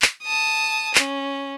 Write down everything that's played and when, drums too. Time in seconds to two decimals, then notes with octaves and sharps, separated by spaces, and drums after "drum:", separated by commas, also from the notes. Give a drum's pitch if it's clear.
0.02 drum: clap
0.23 A5 D#6
0.95 C#4, drum: clap